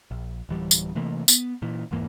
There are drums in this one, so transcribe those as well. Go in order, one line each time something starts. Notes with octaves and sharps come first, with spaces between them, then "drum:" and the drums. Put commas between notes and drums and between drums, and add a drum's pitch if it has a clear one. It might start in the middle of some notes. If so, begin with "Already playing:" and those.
A#1
D1 E3 G3
drum: tambourine
C3 E3 A3 A#3
B3, drum: tambourine
A#2 E3
E1 G#2 E3 A#3